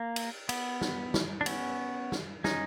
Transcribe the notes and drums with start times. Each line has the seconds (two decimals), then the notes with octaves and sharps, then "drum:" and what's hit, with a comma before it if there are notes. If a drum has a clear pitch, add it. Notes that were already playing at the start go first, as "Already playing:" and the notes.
Already playing: A#3
0.16 drum: cymbal
0.49 B3, drum: cymbal
0.81 drum: snare
1.14 drum: snare
1.41 D4
1.46 B3 C#4, drum: cymbal
2.12 drum: snare
2.44 C#4 D#4, drum: snare